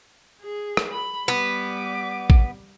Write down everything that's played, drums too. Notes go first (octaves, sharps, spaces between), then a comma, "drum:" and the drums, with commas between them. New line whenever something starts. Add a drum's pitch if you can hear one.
G#4
drum: rim click
B5
G3 B3 D6
drum: kick A1